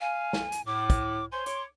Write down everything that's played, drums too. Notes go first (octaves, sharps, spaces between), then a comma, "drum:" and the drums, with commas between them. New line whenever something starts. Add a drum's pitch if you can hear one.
F5 G#5
drum: snare
drum: hi-hat
A2 D6
drum: kick, hi-hat
C5 C#5 G#5 C6
C#5 D6, drum: hi-hat